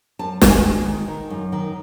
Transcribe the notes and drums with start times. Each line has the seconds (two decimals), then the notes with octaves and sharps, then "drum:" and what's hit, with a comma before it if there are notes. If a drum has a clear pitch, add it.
0.19 F#2 A5
0.42 D#3, drum: snare
0.49 G#5
0.63 G#3
0.86 D#3
1.08 D#3
1.30 F#2
1.52 D#3